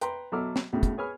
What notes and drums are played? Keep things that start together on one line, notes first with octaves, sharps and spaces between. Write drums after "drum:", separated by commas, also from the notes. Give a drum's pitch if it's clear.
B4 G5 A#5 C6, drum: hi-hat
B2 F#3 A4 E5 D6 F6
drum: snare
G#1 E2 A2 C#3
drum: kick, hi-hat
G#4 B4 C#5 G#5 B5 F6